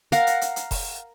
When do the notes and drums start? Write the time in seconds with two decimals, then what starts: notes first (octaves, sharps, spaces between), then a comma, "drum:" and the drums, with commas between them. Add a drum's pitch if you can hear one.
0.12 A#4 F5 F#5 A#5, drum: hi-hat
0.27 drum: hi-hat
0.41 drum: hi-hat
0.56 drum: hi-hat
0.71 drum: kick F1, open hi-hat